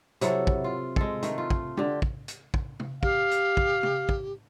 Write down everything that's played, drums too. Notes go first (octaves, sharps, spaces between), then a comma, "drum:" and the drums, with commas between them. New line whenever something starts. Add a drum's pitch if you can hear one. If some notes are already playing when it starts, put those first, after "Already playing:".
C3 F#3 E4 A4, drum: hi-hat
drum: kick
F4
G#3 A4, drum: kick
D#3 A3, drum: hi-hat
F4
drum: kick
D3 G4, drum: tom
drum: kick
drum: hi-hat
drum: kick
drum: tom C3
G4 F5, drum: kick
drum: hi-hat
drum: kick
drum: tom C3
drum: kick